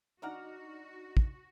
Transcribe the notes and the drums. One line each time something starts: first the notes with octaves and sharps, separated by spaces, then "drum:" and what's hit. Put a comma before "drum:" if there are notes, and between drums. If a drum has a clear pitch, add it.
D4 D#4 F#4 F#5 A#5 D6 F6
drum: kick